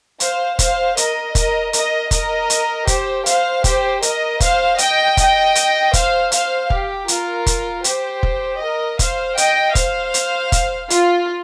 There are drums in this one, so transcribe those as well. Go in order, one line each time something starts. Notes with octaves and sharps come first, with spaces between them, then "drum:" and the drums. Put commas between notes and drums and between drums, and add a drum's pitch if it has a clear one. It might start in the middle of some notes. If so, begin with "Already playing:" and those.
C5 F5, drum: hi-hat
C5 F5, drum: kick F1, hi-hat
A#4 D#5, drum: hi-hat
A#4 D#5, drum: kick F1, hi-hat
A#4 D#5, drum: hi-hat
A#4 D#5, drum: kick F1, hi-hat
drum: hi-hat
G4 C5, drum: kick F1, hi-hat
C5 F5, drum: hi-hat
G4 C5, drum: kick F1, hi-hat
A#4 D#5, drum: hi-hat
C5 F5, drum: kick F1, hi-hat
D#5 G5, drum: hi-hat
D#5 G5, drum: kick F1, hi-hat
drum: hi-hat
C5 F5, drum: kick F1, hi-hat
C5 F5, drum: hi-hat
G4, drum: kick F1
F4 A#4, drum: hi-hat
drum: kick F1, hi-hat
G4 C5, drum: hi-hat
drum: kick F1
A#4 D#5
C5 F5, drum: kick F1, hi-hat
D#5 G5, drum: hi-hat
C5 F5, drum: kick F1, hi-hat
drum: hi-hat
drum: kick F1, hi-hat
F4, drum: hi-hat